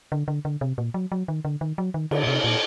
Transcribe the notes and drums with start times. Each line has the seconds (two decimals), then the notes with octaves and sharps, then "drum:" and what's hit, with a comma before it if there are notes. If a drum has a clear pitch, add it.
0.12 D3
0.28 D3
0.45 D3
0.61 C3
0.78 A#2
0.94 F#3
1.12 F#3
1.28 D#3
1.45 D3
1.61 D#3
1.78 F#3
1.94 D#3
2.11 D3, drum: cymbal
2.23 A#2
2.27 C3
2.44 A#2